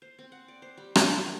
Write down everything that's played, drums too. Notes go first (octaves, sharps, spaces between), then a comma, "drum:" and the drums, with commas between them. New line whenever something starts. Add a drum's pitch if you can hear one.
C5
C4
F#5
D5
C5
G3
G3, drum: rim click
A4
A#3